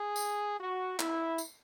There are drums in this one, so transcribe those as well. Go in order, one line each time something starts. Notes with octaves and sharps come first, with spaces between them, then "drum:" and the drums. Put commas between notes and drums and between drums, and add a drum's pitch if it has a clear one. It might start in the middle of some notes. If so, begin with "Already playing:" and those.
Already playing: G#4
drum: tambourine
F#4
E4, drum: clap
drum: tambourine